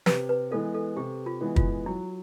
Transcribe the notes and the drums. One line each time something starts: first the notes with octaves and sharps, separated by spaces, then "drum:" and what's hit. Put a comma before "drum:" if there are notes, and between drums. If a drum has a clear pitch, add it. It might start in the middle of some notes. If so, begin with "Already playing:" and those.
C3 B4, drum: snare
B4
E3 G#3 B3 A4
A4
C3 G4
F4
E3 G#3 B3
F4, drum: kick
F#3 E4